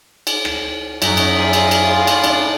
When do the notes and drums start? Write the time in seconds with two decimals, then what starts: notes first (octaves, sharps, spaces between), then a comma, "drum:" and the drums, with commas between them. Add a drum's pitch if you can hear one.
0.27 drum: cymbal
0.45 drum: rim click
1.02 F#2 F#3 D#4 D#5 E5, drum: cymbal
1.17 drum: cymbal
1.35 G2 C3 F3 G#4 D5
1.53 drum: cymbal
1.71 drum: cymbal
1.83 A2 F4
2.07 drum: cymbal
2.24 D4, drum: cymbal